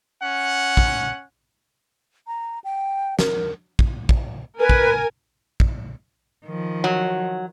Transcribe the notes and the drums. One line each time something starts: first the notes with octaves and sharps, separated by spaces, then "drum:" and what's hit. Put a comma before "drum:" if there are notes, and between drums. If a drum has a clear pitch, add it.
C#4 F#5
drum: kick
A#5
G5
A#4, drum: snare
drum: kick
drum: kick
A#4 B4 G#5
drum: kick
drum: kick
D#3 F3
F#3